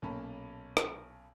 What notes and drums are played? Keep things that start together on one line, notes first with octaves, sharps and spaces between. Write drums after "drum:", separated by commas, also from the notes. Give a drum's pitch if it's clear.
B1 A#2 A#3 C#4 A5 B5
drum: rim click